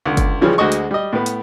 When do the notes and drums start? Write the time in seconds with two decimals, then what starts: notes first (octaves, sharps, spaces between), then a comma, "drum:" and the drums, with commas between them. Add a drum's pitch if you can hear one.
0.05 C#2 D3
0.17 drum: kick F#1, hi-hat
0.41 C#3 E3 F3 G3 G#3 C#4
0.58 D2 G#3 F#4 D#5 C#6
0.72 drum: hi-hat
0.91 G3 D#5
1.13 A2 B3
1.26 drum: hi-hat